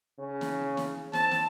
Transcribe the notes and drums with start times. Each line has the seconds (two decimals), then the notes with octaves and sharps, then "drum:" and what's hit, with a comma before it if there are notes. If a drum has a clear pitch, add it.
0.19 C#3
0.41 drum: snare
0.77 drum: snare
1.13 C4 A5, drum: snare
1.31 drum: snare